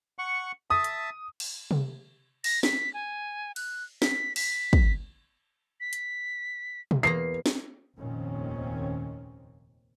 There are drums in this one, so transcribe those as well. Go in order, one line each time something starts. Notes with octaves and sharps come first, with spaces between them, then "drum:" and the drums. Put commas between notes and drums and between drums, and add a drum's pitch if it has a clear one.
F#5 C#6
E5 A5 D#6
drum: hi-hat
drum: cymbal
drum: tom C3
A#6, drum: cymbal
B6, drum: snare
G#5
F#6, drum: cymbal
B6, drum: snare
B6, drum: cymbal
drum: kick
B6
drum: hi-hat
drum: tom B2
E2 A#3 A#5 C7
drum: snare
F1 D#2 A#2 D#3 C4 C#4